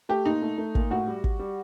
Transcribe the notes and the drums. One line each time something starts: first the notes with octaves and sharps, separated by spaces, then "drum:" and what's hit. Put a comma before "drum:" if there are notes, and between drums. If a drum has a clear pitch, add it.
A3 G4
A#2 D#4
A3
A3
A#2, drum: kick
A2 F#4
G3
G3, drum: kick
G3